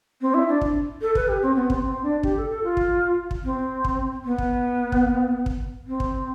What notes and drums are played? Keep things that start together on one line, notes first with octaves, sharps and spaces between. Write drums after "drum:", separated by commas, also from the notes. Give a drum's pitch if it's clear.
C4
E4
D4
drum: kick
A4
B4, drum: kick
G4
C4
B3
C4, drum: kick
C4
D4
G4, drum: kick
A4
A4
F4
drum: kick
drum: kick
C4
drum: kick
B3
drum: kick
drum: kick
drum: kick
C4
drum: kick